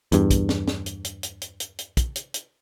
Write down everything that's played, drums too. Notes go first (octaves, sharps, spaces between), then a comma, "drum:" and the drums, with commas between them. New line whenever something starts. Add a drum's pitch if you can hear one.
E2 G2, drum: hi-hat
drum: kick, hi-hat
drum: snare
drum: snare
drum: hi-hat
drum: hi-hat
drum: hi-hat
drum: hi-hat
drum: hi-hat
drum: hi-hat
drum: kick, hi-hat
drum: hi-hat
drum: hi-hat